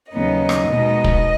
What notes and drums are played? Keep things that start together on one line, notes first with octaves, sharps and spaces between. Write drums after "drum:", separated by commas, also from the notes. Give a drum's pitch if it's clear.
D#2 C#3 F#3 B3 D#4 D#5
drum: rim click
B2 G#3 B3 D#4
drum: kick